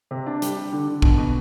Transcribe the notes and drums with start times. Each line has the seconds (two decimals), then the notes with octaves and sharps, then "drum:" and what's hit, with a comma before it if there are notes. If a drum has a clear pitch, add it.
0.11 C3
0.26 D4
0.42 G3, drum: hi-hat
0.57 G4
0.73 D3
0.88 D3
1.02 B2, drum: kick
1.18 B2